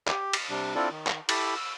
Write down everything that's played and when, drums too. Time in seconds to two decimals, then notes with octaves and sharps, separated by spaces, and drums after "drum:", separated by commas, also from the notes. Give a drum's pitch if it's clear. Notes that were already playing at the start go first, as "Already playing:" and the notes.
0.08 G4, drum: clap
0.33 drum: cymbal
0.50 C3 G3 D4
0.75 C4 D4 E4 F4 A4 D5
0.91 D#3
1.07 drum: clap
1.29 E4 G4 A4 B5, drum: cymbal
1.56 E6